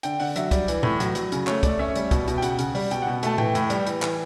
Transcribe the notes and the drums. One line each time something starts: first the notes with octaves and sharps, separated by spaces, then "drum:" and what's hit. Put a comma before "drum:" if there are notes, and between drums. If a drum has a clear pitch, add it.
D3 G5, drum: hi-hat
D3 F#5, drum: open hi-hat
F#3 E5, drum: hi-hat
G3 D5, drum: kick, hi-hat
E3, drum: hi-hat
A2, drum: tom A2
F#3, drum: hi-hat
F#3, drum: hi-hat
C#3, drum: hi-hat
A3 C#5, drum: clap
A3 D5, drum: kick, hi-hat
C#4 E5
G3, drum: hi-hat
B2, drum: kick, hi-hat
B2, drum: hi-hat
G5
C#3 F#5, drum: hi-hat
C#3, drum: hi-hat
G3, drum: open hi-hat
B2 G5, drum: hi-hat
B2 F#5
A3 A5, drum: hi-hat
E3 G5, drum: tom A2
A2, drum: hi-hat
G3, drum: hi-hat
E3, drum: hi-hat
E3, drum: clap